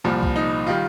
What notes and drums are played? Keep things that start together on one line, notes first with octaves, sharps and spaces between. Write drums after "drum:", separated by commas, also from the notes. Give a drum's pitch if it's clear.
C2 A#2 F3
drum: kick
D#4
D#3 G3 F4